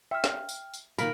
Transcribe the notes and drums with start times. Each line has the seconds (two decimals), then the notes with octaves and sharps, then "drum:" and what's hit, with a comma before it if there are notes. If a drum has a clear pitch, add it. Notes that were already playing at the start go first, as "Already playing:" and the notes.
0.11 E5 G5 F6
0.24 drum: snare
0.49 drum: tambourine
0.74 drum: tambourine
0.98 A#2 D#3 A#4 B5, drum: tambourine